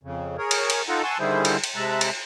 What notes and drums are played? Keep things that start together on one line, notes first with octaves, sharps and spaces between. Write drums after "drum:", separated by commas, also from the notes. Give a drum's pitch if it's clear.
F2 C#3
G#4 A#4 C#5
drum: cymbal
drum: cymbal
D#4 F4 A4 F#5 A#5
F#5 G#5 A5 C6 C#6 E6
D3 D#3 G3 E4 G#4 C5
drum: cymbal
drum: cymbal
C3 G#3 E5 A5 A#5 F#6
drum: cymbal